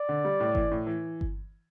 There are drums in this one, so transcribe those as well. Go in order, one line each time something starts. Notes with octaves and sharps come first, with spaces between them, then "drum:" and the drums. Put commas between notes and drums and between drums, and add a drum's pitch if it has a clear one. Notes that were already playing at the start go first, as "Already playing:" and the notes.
Already playing: D5
D3
G3
A2
E3, drum: kick G1
A2
E3
drum: kick G1